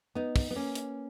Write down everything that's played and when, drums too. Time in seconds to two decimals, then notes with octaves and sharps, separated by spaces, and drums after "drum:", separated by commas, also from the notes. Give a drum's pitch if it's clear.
0.15 B3 D#4
0.36 drum: kick, open hi-hat
0.51 B3
0.56 A#3 C#4
0.75 drum: hi-hat